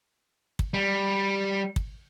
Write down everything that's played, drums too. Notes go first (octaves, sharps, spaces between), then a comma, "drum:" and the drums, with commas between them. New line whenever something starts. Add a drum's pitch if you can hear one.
drum: kick
G3
drum: kick